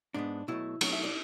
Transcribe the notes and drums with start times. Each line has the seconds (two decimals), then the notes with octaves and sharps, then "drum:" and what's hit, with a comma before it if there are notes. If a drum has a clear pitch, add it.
0.14 G#2 G#3 B3 D4
0.48 B2 F#3 A3 E4
0.81 B2 F#3 A3 C#5, drum: cymbal
0.93 E5
1.04 D5